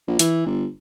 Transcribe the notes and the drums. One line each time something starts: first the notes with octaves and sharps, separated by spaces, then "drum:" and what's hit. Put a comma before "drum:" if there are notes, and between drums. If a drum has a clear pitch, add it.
A#1
E3, drum: hi-hat
G1